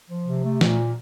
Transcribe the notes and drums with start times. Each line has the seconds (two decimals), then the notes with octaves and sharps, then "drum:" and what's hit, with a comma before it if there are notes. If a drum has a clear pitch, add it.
0.09 F3
0.26 C3
0.44 A3
0.61 A#2, drum: snare